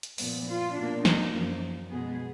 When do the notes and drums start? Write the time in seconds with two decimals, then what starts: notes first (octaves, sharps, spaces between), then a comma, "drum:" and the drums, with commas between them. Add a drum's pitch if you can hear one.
0.03 drum: hi-hat
0.18 A#2 F3 B3, drum: open hi-hat
0.48 F4
0.76 B2 A#3 D4
1.05 D#4, drum: snare
1.33 F#2 F3 A#3
1.90 B2 G#3 B3 G#4